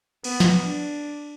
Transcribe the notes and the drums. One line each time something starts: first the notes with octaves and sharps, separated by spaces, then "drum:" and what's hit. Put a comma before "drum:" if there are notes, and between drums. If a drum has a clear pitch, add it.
B3, drum: cymbal
drum: snare
D4